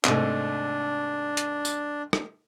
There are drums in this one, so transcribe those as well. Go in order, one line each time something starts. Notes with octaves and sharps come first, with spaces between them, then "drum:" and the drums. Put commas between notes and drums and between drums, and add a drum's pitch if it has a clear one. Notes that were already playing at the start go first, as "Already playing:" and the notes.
C2 G#2 A3 D4, drum: clap
drum: hi-hat
drum: tambourine
drum: rim click